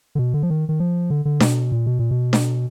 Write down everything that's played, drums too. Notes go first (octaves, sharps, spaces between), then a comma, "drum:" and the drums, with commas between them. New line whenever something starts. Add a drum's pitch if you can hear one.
D3
B2
D3
F3
D#3
D#3
F3
D3
D3
B2, drum: snare D4
A#2
B2
A#2
B2
drum: snare D4